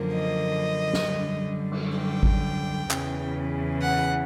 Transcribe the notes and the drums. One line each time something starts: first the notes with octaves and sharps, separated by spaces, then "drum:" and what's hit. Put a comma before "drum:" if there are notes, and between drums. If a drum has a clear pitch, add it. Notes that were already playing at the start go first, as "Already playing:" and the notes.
Already playing: F#2 D3 F3 A#3
D#5
drum: snare
F#2 D3 G3
drum: cymbal
G5
drum: kick G#1
E2 C#3 E3, drum: clap
F#5